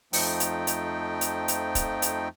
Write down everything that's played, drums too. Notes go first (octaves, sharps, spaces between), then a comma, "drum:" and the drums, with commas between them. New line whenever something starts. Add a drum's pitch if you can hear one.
F2 F3 A3 D#4 G5, drum: open hi-hat
drum: hi-hat
drum: hi-hat
drum: hi-hat
drum: hi-hat
drum: kick D1, hi-hat
drum: hi-hat